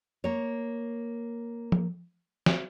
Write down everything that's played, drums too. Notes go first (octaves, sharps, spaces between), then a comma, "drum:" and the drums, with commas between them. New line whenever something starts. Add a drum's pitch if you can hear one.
A#3 C#5
drum: tom F3
drum: snare